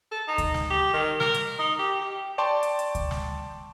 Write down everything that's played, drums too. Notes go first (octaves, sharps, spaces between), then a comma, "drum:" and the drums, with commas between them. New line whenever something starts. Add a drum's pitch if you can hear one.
A4
D#4
drum: kick D2, hi-hat
drum: snare
G4
D#3
A#4, drum: snare
drum: hi-hat
D#4
G4
G4
D5 G5 A5 C6 C#6
drum: hi-hat
drum: hi-hat
drum: kick D2, hi-hat
drum: snare